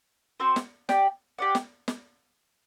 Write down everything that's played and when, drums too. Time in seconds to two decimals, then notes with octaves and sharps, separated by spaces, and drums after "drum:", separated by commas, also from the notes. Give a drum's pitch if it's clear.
0.40 C4 F#4 C5
0.56 drum: snare
0.89 G4 D5 G5, drum: snare
1.38 G4 D5 F#5
1.55 drum: snare
1.88 drum: snare